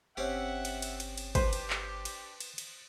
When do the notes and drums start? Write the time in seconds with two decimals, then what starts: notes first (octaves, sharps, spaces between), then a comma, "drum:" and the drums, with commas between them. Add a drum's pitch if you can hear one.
0.17 G1 C4 C#4 G4 E5 F#5
0.65 drum: cymbal
0.82 drum: cymbal
1.00 drum: cymbal
1.18 drum: cymbal
1.35 D4 G4 B4 C5, drum: kick G#1, cymbal
1.53 drum: cymbal
1.70 drum: clap
2.05 drum: cymbal
2.40 drum: cymbal
2.58 drum: cymbal